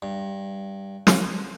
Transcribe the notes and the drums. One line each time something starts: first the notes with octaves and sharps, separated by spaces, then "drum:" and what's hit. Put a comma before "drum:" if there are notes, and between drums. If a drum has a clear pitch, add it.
G2
drum: snare